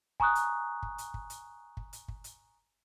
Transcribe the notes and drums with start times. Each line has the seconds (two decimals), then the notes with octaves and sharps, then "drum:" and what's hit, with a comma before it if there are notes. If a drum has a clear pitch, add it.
0.20 G#5 A#5 C#6 D#6 F#6, drum: kick
0.35 drum: hi-hat
0.83 drum: kick
0.98 drum: hi-hat
1.14 drum: kick
1.30 drum: hi-hat
1.77 drum: kick
1.93 drum: hi-hat
2.08 drum: kick
2.24 drum: hi-hat